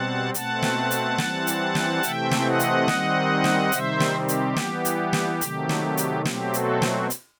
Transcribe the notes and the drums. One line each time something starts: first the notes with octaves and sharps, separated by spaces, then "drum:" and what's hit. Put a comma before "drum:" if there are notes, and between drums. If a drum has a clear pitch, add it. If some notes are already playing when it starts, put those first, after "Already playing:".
Already playing: B2 G3 C4 F#5 A5
B2 A3 C4 F#5 A5, drum: hi-hat
drum: snare
drum: hi-hat
E3 G3 C4, drum: snare
drum: hi-hat
drum: snare
C3 E3 A3 C4 E5 G5, drum: hi-hat
drum: snare
D#5 F#5
drum: hi-hat
D#3 G3 C4, drum: snare
drum: snare
C3 D#3 G3 C4 C5 E5, drum: hi-hat
drum: snare
G4
drum: hi-hat
E3 G3 B3, drum: snare
drum: hi-hat
drum: snare
C3 D#3 F#3 A3, drum: hi-hat
drum: snare
drum: hi-hat
B2 F#3 A3 C4 G4, drum: snare
F#4 A4, drum: hi-hat
F#4, drum: snare
drum: hi-hat